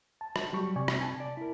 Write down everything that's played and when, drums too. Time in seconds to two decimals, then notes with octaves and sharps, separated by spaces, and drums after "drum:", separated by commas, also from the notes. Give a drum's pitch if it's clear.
0.21 A5
0.36 drum: rim click
0.53 F#3 G3 G4 C#6
0.76 C3 D5 G#5 C#6
0.88 drum: rim click
1.01 G#5 A5
1.20 D5
1.37 E4 A#4